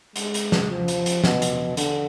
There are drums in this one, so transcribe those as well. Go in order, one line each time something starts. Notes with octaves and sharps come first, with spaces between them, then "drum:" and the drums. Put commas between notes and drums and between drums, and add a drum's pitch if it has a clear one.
G#3, drum: hi-hat
drum: hi-hat
drum: snare
F3
drum: hi-hat
drum: hi-hat
B2, drum: snare
drum: hi-hat
D3, drum: hi-hat